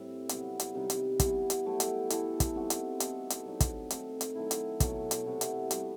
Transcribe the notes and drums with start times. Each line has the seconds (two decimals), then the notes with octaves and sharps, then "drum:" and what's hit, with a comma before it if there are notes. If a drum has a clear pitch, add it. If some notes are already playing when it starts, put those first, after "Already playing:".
Already playing: A2 G3 C4 E4
0.29 C3 F#3 B3, drum: hi-hat
0.60 drum: hi-hat
0.74 C3 D#3 G3 D#4
0.90 drum: hi-hat
1.20 E3 G3 B3, drum: kick, hi-hat
1.50 drum: hi-hat
1.65 F#3 A3 E4 G4
1.80 drum: hi-hat
2.10 E3 A3 E4 A4, drum: hi-hat
2.40 drum: kick, hi-hat
2.55 G3 C4 D#4 F#4
2.70 drum: hi-hat
3.00 E3 B3 D#4 A4, drum: hi-hat
3.30 drum: hi-hat
3.45 F#3 C4 D#4
3.60 drum: kick, hi-hat
3.90 D#3 A3 C4, drum: hi-hat
4.21 drum: hi-hat
4.35 D#3 F#3 A3 E4
4.51 drum: hi-hat
4.80 B2 F#3 A3, drum: kick, hi-hat
5.11 drum: hi-hat
5.26 C3 E3 B3 F#4
5.41 drum: hi-hat
5.71 G3 B3 F#4, drum: hi-hat